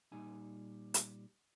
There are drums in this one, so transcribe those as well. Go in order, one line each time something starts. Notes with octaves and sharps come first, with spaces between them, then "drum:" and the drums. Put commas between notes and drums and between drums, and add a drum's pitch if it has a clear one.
A#2 G3 D#4 G#5
drum: hi-hat